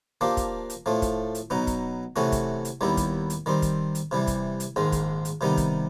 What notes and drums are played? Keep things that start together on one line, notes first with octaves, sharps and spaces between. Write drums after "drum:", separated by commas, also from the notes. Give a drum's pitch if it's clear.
F3 A#3 D4 G4
drum: kick, hi-hat
drum: hi-hat
A2 F3 A3
drum: kick, hi-hat
drum: hi-hat
B2 F#3 B3 D#4
drum: kick, hi-hat
C3 E3 A3 C#4 F#4
drum: kick, hi-hat
drum: hi-hat
D#2 D#3 G3 B3 E4
drum: kick, hi-hat
drum: hi-hat
D#3 G3 C4
drum: kick, hi-hat
drum: hi-hat
C3 E3 G3
drum: kick, hi-hat
drum: hi-hat
A#1 G#2 D#3 G#3
drum: kick, hi-hat
drum: hi-hat
C3 D#3 G3 B3 D#4
drum: kick, hi-hat